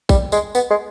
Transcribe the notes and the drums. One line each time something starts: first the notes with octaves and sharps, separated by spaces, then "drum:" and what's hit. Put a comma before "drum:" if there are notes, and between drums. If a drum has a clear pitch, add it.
G3, drum: kick A#1, tambourine
G#3, drum: tambourine
B3, drum: tambourine
G#3